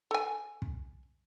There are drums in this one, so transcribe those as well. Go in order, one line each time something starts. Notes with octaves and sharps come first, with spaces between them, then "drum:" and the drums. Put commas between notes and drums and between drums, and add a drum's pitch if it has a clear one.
A4 G#5
drum: kick